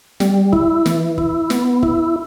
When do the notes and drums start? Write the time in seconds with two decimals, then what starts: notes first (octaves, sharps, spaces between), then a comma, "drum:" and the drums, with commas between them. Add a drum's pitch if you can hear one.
0.20 G3, drum: snare
0.53 E4, drum: kick
0.86 E3, drum: snare
1.18 E4, drum: kick
1.50 B3, drum: snare
1.83 E4, drum: kick